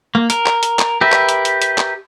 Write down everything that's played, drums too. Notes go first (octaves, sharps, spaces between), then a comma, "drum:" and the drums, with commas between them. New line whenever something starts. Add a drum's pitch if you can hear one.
A#3
A#4, drum: hi-hat
drum: clap
drum: hi-hat
drum: clap
G4 A#4 B4 E5
drum: clap
drum: hi-hat
drum: hi-hat
drum: hi-hat
drum: clap